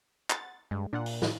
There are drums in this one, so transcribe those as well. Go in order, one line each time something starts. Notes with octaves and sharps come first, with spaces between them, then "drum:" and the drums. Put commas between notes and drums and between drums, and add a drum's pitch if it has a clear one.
F#5 A6, drum: clap
G2 G#3
A#2 D4 F4 F#5
drum: open hi-hat
A2 D#3 F#3, drum: snare